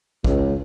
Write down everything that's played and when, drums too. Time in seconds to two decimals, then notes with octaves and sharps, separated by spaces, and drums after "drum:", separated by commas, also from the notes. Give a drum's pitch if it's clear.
0.24 C#2, drum: kick